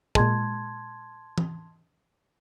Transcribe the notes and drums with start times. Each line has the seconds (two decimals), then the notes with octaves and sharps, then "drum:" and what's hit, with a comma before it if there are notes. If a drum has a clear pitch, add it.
0.15 A#2 G#3 A5 C6 G#6, drum: kick
1.38 drum: tom E3